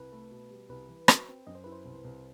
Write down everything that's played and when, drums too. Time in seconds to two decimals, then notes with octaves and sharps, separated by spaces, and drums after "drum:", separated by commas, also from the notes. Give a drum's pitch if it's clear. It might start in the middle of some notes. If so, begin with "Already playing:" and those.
Already playing: C2 B4
0.12 A3
0.31 B2
0.51 G3
0.69 C2 B4
0.88 E3
1.08 F#4, drum: rim click
1.28 C4
1.47 F#2 D#5
1.55 C5
1.64 E4 B4
1.72 C5
1.85 C2
2.04 C2